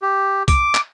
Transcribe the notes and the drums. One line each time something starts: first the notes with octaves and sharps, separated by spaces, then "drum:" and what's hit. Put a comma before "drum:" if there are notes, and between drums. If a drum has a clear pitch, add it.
G4
D6, drum: kick C2, hi-hat
drum: clap